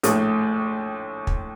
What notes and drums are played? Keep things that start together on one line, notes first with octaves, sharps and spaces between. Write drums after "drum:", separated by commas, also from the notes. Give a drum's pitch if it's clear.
A#1 A2 A3, drum: hi-hat
drum: kick